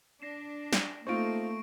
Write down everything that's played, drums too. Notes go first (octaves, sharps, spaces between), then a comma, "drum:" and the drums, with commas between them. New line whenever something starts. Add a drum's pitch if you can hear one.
D4 A#6 C7 E7
drum: snare
A3 A#3 C4 D#4 F4 C#6 D7